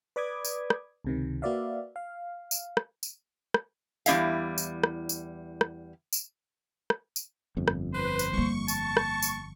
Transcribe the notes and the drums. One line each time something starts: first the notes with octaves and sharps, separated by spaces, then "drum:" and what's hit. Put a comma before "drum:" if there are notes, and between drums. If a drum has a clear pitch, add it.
B4 D5 B5 D6 D#6 G#6
drum: tambourine
drum: rim click
C#2 C3 D#3
A#3 F#4 B4 D5 E5 F5
F5
drum: tambourine
drum: rim click
drum: tambourine
drum: rim click
E2 G3 B3 E4 E5 F5, drum: tambourine
drum: tambourine
drum: rim click
drum: tambourine
drum: rim click
drum: tambourine
drum: rim click
drum: tambourine
G1 F2
drum: rim click
B4 C5
drum: tambourine
G3 A#3 C#6
A5, drum: tambourine
drum: rim click
drum: tambourine